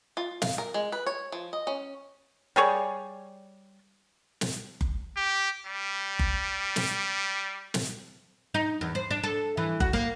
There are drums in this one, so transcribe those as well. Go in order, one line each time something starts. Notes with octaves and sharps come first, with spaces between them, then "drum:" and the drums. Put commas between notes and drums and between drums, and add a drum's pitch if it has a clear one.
F4
F5, drum: snare
A#4
G#3
B4
C#5
F3
D#5
C#4
G3 G#4 C#5 D5
drum: snare
drum: kick F#1
G4
G3
drum: kick F#1
drum: snare
drum: snare
D#4
E2
C5
D4
A4
E3
F#4, drum: kick F#1
A#3